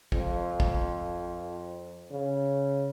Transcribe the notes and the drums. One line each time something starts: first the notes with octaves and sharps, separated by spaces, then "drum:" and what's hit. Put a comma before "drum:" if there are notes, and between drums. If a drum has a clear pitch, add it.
F2, drum: kick
drum: kick
C#3